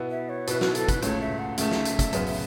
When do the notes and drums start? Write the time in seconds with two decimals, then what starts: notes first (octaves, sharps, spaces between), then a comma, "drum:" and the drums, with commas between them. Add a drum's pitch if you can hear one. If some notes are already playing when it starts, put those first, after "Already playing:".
Already playing: B2 B3 E4
0.10 E5
0.29 C#5
0.47 B2 B3 E4 B4, drum: hi-hat
0.61 F#4, drum: snare
0.75 A4, drum: hi-hat
0.89 B4, drum: kick, hi-hat
1.02 C#2 C#3 A3 C#5, drum: hi-hat
1.21 E5
1.39 F#5
1.58 C#2 C#3 A3 E5, drum: hi-hat
1.71 drum: snare
1.85 drum: hi-hat
1.99 drum: kick, hi-hat
2.13 F#2 C#3 F#3 B3 F#4, drum: hi-hat
2.26 drum: open hi-hat